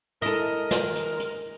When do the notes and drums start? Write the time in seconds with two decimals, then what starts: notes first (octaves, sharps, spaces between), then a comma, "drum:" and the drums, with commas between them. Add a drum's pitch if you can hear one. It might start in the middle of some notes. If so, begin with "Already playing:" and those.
0.22 G#3 E4 A4 A#4 D#5
0.71 drum: snare
0.95 drum: hi-hat
1.20 drum: hi-hat